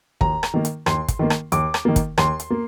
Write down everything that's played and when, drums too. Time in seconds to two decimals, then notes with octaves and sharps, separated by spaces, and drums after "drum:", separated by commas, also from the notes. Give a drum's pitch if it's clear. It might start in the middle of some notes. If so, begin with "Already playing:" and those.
0.21 D#2 A#5, drum: kick
0.43 drum: rim click
0.54 D#3 A#3
0.65 drum: hi-hat
0.86 D#2 C6, drum: rim click
1.08 drum: kick, hi-hat
1.19 D#3 A#3
1.30 drum: rim click
1.52 D#2 D6, drum: hi-hat
1.74 drum: rim click
1.85 D#3 A#3
1.96 drum: kick, hi-hat
2.18 D#2 C6, drum: rim click
2.40 drum: hi-hat
2.50 A#3